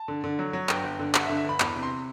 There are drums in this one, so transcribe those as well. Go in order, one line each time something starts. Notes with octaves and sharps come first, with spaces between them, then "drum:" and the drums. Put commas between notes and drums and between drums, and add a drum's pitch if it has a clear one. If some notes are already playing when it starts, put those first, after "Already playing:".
Already playing: A5
D3
D3
F#3
F#3
G1 G5, drum: clap
G1
D3
G2 F#5, drum: clap
E5
D3
E5
G1 B5
E2 B5, drum: clap
C3
C6